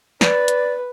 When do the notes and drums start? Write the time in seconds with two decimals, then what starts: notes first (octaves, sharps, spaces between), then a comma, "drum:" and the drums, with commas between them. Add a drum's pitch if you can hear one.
0.21 B4 D5, drum: snare
0.48 drum: hi-hat